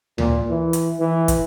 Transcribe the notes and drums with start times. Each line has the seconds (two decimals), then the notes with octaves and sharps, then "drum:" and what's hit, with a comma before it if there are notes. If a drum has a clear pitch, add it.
0.18 A#2, drum: tom D2
0.49 E3
0.73 drum: hi-hat
1.00 E3
1.28 drum: kick, hi-hat